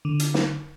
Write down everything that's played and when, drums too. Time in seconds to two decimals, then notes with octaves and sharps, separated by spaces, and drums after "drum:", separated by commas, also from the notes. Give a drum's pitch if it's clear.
0.05 D3
0.20 drum: hi-hat
0.34 drum: snare